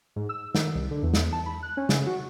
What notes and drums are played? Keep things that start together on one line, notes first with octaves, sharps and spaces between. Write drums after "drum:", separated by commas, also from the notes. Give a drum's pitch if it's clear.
G#2
E6
D#3, drum: snare
C2
D3
E2
drum: snare
A5
B5
F#6
C#4
C#3, drum: snare
F#4